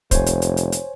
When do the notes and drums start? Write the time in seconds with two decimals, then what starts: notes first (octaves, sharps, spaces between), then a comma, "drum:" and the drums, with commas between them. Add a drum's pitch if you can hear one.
0.11 F1 C5 C#5 G#5, drum: kick, hi-hat
0.26 drum: hi-hat
0.42 drum: hi-hat
0.57 drum: hi-hat
0.72 drum: hi-hat